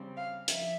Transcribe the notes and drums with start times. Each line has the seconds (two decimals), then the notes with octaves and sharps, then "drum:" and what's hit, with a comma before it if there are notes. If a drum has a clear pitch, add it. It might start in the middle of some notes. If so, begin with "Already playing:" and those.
Already playing: C#3 G3 C4
0.16 F5
0.48 F3 E5, drum: hi-hat